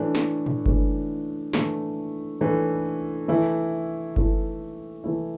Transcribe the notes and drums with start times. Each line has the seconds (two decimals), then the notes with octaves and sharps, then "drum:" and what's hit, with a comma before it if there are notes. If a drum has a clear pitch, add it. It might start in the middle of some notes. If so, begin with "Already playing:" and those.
Already playing: A2 E3 A3 D4
0.15 drum: snare
0.46 drum: tom G#2
0.66 A2 E3 A3 D4, drum: kick G1
1.53 A2 E3 A3 D4, drum: snare
2.41 A2 E3 A3 D4
3.28 E3 A3 E4
4.16 E3 A3 E4, drum: kick G1
5.04 E3 A3 E4